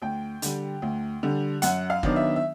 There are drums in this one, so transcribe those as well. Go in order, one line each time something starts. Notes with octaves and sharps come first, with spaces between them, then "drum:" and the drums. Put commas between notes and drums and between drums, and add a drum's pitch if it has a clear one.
D2 G5
D3 G3, drum: hi-hat
D2
D3 G3
F#2 F#5, drum: hi-hat
F5
D#3 F#3 B3 D4, drum: kick
E5
E5